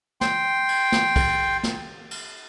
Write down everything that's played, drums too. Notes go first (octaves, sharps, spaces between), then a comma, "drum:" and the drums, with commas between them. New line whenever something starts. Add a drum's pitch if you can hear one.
G5 C6, drum: snare
drum: cymbal
drum: snare
drum: kick, cymbal
drum: snare
drum: cymbal